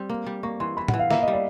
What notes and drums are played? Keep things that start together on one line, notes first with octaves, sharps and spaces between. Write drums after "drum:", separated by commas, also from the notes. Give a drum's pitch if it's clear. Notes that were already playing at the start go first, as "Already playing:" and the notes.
Already playing: G3 C4
A#3
G3
A#3 C#6
E3 C6
E3 B5
F#5, drum: tom A2
E3
F5
A#3 E5, drum: snare
D#5
G3
D5